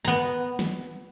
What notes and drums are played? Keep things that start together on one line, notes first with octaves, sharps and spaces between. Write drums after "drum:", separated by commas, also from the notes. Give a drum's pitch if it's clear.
B3 A#5
drum: snare